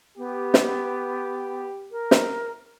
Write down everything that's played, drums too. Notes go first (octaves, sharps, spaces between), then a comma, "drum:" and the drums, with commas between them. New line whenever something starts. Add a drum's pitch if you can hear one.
B3 G4
drum: snare
A#4
drum: snare